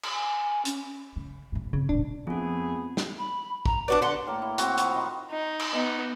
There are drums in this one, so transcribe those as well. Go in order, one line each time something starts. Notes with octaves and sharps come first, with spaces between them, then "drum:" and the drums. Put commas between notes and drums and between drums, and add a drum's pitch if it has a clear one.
drum: cymbal
G#5
C#4, drum: hi-hat
C#3
G1 G2
C#3 C4
D#1 A1 D4
F2 A3 B3 C4 F4 G#4
drum: snare
B5
A#5, drum: kick
D4 F#4 B4 D5
D3 A4 F#5 C6
A2 A#3 A#5
E4
C4 F#4 G5, drum: hi-hat
F3 F4 F#4 B5, drum: hi-hat
D#3 D#4
D#4
drum: cymbal
B3 D#4